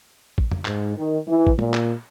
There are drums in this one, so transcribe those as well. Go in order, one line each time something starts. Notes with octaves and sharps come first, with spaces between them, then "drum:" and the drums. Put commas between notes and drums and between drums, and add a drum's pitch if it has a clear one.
drum: kick A1
drum: tom F2
G#2, drum: clap
D#3
E3
drum: kick A1
A#2, drum: tom
drum: clap